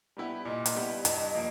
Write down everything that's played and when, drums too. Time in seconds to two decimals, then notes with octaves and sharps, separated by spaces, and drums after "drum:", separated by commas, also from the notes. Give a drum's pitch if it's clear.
0.17 G3 B3 E4 G4
0.45 A#2 D#5
0.66 drum: hi-hat
0.75 G3 B3 E4 G4
1.05 G2, drum: hi-hat
1.35 F3 A#3